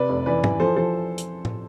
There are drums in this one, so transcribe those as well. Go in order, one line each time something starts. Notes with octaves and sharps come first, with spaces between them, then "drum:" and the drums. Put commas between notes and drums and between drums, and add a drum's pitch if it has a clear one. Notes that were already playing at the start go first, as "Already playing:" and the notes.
Already playing: C3 B4 D5
F1
E3 B4 D5
E3, drum: tom G#2
F3 A4 C5
F3 A4 C5
drum: hi-hat
drum: tom A2